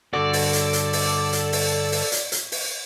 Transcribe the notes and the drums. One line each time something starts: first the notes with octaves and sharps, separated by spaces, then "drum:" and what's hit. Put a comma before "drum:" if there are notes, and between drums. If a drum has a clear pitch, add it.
G2 D3 F#4 A4 D5
drum: open hi-hat
drum: hi-hat
drum: hi-hat
drum: open hi-hat
drum: hi-hat
drum: open hi-hat
drum: open hi-hat
drum: hi-hat
drum: hi-hat
drum: open hi-hat